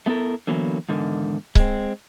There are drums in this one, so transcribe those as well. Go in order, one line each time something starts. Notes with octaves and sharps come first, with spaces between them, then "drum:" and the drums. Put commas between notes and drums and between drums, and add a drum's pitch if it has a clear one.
A3 B3 E4 A4 A#4
D3 E3 F#3 A#3 B3
E2 G#2 D3 D#3
G#3 C4, drum: kick C#1